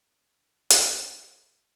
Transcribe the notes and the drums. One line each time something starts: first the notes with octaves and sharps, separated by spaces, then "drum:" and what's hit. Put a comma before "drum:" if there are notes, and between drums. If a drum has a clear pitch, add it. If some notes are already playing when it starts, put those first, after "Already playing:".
Already playing: D3
drum: hi-hat
D#3